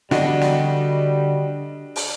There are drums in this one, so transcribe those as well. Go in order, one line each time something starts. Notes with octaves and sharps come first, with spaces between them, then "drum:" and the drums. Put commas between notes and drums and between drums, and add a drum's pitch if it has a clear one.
D3 G3 D4 F#4 D#5, drum: snare
drum: snare
drum: open hi-hat